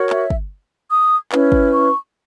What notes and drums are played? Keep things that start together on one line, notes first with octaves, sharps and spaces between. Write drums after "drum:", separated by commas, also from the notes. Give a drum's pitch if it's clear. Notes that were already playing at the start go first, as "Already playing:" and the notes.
Already playing: F#4 A#4 C#5
E5, drum: clap
drum: kick
D#6
C#4 E4 B4, drum: clap
drum: kick
C#6